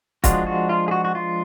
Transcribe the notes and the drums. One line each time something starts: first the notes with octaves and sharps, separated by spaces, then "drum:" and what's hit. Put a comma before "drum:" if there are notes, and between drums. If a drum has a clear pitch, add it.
F3 G#3 D4 F4 F#4, drum: kick, hi-hat
F#4
F4
G#4
F#4
F#4
F4